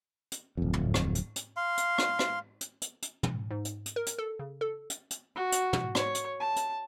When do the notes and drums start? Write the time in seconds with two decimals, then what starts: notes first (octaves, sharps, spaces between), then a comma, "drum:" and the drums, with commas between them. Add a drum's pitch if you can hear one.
0.32 drum: hi-hat
0.57 D1 F2
0.73 drum: tom
0.94 drum: rim click
1.15 drum: hi-hat
1.36 drum: hi-hat
1.57 F5 C6
1.77 drum: hi-hat
1.98 drum: rim click
2.19 drum: rim click
2.61 drum: hi-hat
2.82 drum: hi-hat
3.02 drum: hi-hat
3.23 drum: tom
3.51 G#2
3.65 drum: hi-hat
3.86 drum: hi-hat
3.96 A#4
4.06 drum: hi-hat
4.18 A4
4.39 C#3
4.61 A4
4.90 drum: hi-hat
5.11 drum: hi-hat
5.35 F#4
5.52 drum: hi-hat
5.73 drum: tom
5.95 C#5, drum: rim click
6.15 drum: hi-hat
6.40 A5
6.56 drum: hi-hat